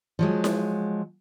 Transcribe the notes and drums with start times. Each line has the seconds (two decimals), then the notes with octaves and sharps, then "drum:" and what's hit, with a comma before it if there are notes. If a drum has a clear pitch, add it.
0.19 F3 F#3 G#3
0.44 drum: snare E4